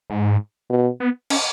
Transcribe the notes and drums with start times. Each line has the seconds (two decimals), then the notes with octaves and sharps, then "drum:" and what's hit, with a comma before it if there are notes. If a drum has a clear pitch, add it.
0.10 G#2
0.70 B2
1.00 B3
1.30 C#4, drum: cymbal